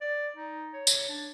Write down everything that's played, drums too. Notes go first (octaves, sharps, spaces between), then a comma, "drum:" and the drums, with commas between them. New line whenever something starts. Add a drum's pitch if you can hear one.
D5
D#4
C#5
drum: tambourine
D4